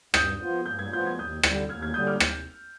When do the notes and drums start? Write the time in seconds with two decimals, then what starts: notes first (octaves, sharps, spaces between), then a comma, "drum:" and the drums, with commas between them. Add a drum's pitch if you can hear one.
0.14 G2 D#6 G6, drum: rim click
0.40 F3 B3 F4
0.66 G2 G6
0.79 G#6
0.92 F3 B3 F4 G6
1.06 G#6
1.18 D#2 D#6 G6
1.43 D3 G3, drum: rim click
1.69 D#2 F6 G#6
1.81 F6 G#6
1.94 D3 G3 D#6 G6
2.07 D6 F6
2.20 drum: rim click